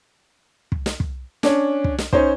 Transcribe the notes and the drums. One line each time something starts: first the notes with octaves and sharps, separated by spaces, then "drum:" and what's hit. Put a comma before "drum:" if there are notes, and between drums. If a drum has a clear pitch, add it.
drum: kick
drum: snare
drum: kick
C#4 D4, drum: snare
drum: kick
drum: snare
C#4 D#4 C5, drum: kick